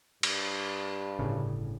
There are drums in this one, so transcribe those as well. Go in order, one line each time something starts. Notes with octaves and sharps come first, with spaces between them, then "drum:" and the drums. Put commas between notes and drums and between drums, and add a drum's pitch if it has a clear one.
G2, drum: cymbal
G1 A2 C#3